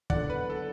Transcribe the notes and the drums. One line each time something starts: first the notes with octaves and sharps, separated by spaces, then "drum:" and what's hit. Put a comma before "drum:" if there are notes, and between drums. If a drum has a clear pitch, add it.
F#1 E2 D3 D5 F#5, drum: kick
B4
A4